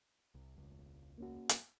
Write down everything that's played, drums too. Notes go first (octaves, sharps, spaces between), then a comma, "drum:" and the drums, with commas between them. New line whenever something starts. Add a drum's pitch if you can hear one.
C2
E1 C#2
A#3 C#4 F#4
drum: hi-hat